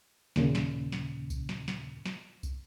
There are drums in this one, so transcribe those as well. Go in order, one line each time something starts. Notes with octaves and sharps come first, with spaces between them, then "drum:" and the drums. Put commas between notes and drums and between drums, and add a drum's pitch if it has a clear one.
D#2 A#2 C#3, drum: snare
drum: snare
drum: snare
drum: kick C2, tambourine
drum: snare
drum: snare
drum: snare
drum: kick C2, tambourine